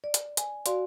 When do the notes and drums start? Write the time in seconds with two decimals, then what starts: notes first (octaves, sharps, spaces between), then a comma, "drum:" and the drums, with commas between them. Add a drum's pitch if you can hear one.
0.04 D5
0.14 drum: hi-hat
0.37 G#5, drum: hi-hat
0.66 F#4 D5 F5 C6, drum: hi-hat